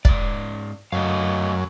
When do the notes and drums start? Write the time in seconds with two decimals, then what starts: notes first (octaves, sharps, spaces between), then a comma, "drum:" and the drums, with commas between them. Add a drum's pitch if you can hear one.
0.05 G#2 D5, drum: kick
0.92 F#2 A3 D#5 F5